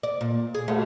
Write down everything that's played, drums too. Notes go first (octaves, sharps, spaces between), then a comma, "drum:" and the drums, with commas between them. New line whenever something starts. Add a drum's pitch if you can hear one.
D5
A#2
G#4
A3, drum: cymbal